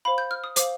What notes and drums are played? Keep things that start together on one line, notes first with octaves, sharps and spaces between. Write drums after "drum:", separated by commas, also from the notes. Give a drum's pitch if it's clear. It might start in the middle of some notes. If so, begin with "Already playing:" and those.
C5 F5 B5
G6
F6
D#6
C5 F5 D6, drum: hi-hat